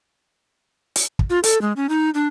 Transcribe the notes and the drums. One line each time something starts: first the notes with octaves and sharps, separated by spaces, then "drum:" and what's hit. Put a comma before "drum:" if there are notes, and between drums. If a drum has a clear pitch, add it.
drum: hi-hat
drum: kick
F4
A4, drum: hi-hat
G#3
C#4
D#4
D4